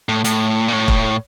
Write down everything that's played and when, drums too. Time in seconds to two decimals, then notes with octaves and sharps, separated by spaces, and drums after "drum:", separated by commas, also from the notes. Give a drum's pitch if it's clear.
0.09 A2
0.24 A2, drum: hi-hat
0.68 A#2
0.73 A2
0.88 drum: kick E1